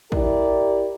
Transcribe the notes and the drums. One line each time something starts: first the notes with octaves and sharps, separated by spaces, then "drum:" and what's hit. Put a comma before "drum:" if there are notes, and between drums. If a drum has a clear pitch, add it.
E4 G4 A#4 D5, drum: kick